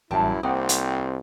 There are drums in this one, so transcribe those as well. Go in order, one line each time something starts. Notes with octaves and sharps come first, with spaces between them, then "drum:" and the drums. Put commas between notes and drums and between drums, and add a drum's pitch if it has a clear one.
A1 F#2 G3 E4 E5 G5 A5
C2 A#3 C4 F#5 G5 D#6
drum: hi-hat